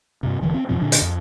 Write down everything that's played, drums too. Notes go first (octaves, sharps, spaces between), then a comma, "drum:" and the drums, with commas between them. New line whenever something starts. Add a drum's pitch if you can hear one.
G2 C3
E1 D3 E3
C4
F2 B2 F3 C4
A#2 D3 D4
drum: hi-hat
F2